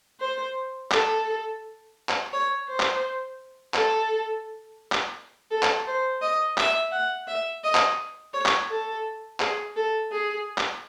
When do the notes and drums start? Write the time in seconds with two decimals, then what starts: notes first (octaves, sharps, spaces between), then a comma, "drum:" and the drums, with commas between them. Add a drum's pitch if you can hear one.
0.20 C5
0.92 A4, drum: clap
2.09 drum: clap
2.33 C#5
2.68 C5
2.80 drum: clap
3.74 A4, drum: clap
4.92 drum: clap
5.51 A4
5.63 drum: clap
5.87 C5
6.22 D#5
6.58 E5, drum: clap
6.92 F#5
7.28 E5
7.64 D#5
7.75 drum: clap
8.34 C#5
8.46 drum: clap
8.70 A4
9.40 G#4, drum: clap
9.76 A4
10.11 G#4
10.58 drum: clap